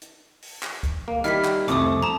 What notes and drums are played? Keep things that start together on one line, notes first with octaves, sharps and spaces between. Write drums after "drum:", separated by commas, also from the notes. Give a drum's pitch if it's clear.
drum: hi-hat
drum: open hi-hat
drum: clap
drum: kick, hi-hat
A#3
D#3 G3 E4 F6 B6, drum: hi-hat
drum: clap
C2 F2 A3 D6 D#6, drum: hi-hat
A5 A#5